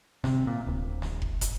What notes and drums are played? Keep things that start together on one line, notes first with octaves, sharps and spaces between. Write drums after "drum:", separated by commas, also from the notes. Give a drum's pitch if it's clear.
C3, drum: snare
A#2
D1
drum: snare
drum: kick
drum: kick, hi-hat